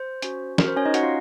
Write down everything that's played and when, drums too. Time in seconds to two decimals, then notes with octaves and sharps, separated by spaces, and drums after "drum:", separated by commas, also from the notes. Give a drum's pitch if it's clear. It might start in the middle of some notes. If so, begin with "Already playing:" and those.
Already playing: C5
0.22 C#4 F#4, drum: hi-hat
0.58 C#4 F#4 A#4, drum: snare
0.68 C5
0.77 C#4 C#5
0.85 D#4 D#5
0.94 C#4 F#4 F#5, drum: hi-hat
1.03 F4 F5